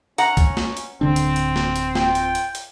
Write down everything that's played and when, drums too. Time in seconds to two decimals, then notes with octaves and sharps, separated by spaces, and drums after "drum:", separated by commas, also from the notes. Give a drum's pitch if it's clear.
0.18 C#4 F#5 A#5, drum: hi-hat
0.37 drum: kick C2, hi-hat
0.57 drum: snare
0.77 drum: hi-hat
1.01 D1 D3 C4 D4
1.16 drum: hi-hat
1.36 drum: hi-hat
1.56 drum: snare
1.76 drum: hi-hat
1.95 F4 G5, drum: snare
2.15 drum: hi-hat
2.35 drum: hi-hat
2.55 drum: hi-hat